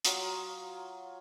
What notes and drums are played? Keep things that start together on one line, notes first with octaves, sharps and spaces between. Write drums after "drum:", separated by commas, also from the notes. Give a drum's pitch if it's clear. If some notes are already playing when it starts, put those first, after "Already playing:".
F#3 F4 D#6, drum: hi-hat